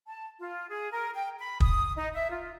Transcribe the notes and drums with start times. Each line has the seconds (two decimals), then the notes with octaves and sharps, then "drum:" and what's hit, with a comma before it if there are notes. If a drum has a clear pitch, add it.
0.07 A5
0.39 F4
0.69 G#4
0.91 A#4
1.14 G5
1.38 B5
1.60 D#6, drum: kick
1.97 D#4
2.14 E5
2.30 F4